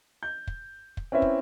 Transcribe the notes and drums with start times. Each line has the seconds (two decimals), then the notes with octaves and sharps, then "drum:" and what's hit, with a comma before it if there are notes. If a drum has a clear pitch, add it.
0.23 G6
0.47 drum: kick
0.97 drum: kick
1.12 C4 C#4 E4 B4 E5
1.22 drum: kick